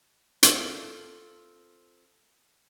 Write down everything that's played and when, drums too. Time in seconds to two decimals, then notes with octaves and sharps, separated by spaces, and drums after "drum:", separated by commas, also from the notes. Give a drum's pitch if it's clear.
0.43 C4 F4 A4, drum: hi-hat